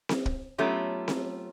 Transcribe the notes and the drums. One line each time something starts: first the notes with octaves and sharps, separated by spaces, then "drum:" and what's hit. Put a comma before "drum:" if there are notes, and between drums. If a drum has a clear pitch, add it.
drum: snare C4
drum: kick
F#3 A3 B3 C#4 F4 G4
drum: snare C4